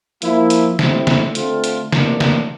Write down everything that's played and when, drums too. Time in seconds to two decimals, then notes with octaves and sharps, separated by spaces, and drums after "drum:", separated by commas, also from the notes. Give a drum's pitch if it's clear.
0.22 F3 A#3 E4, drum: hi-hat
0.50 drum: hi-hat
0.79 D3 G3 C4 E4, drum: snare
1.07 drum: snare
1.35 D3 A3 C4 F4, drum: hi-hat
1.64 drum: hi-hat
1.92 C3 E3 A#3 D4, drum: snare
2.20 drum: snare